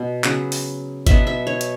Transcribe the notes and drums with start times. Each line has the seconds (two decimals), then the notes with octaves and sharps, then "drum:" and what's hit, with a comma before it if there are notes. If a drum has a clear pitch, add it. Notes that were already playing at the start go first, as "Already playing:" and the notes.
Already playing: B2
0.24 C#3 F#3 B3, drum: clap
0.52 drum: open hi-hat
1.07 B2 F#3 B3 E5, drum: kick G#1, hi-hat
1.27 E5
1.47 C#5
1.61 drum: hi-hat